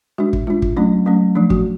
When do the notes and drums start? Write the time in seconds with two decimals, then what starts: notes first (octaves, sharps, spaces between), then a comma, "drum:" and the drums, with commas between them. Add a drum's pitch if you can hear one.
0.18 G#3 D4 F#4
0.33 drum: kick
0.47 G#3 D4 F4
0.62 drum: kick
0.77 F#3 A3 C#4 D4
1.06 F#3 A3 C#4
1.35 F3 A3 D4
1.50 F#4, drum: kick